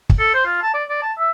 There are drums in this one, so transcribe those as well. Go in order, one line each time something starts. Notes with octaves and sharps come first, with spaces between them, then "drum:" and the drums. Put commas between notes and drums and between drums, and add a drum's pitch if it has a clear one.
drum: kick
A4
C5
F4
A5
D5
D5
A5
E5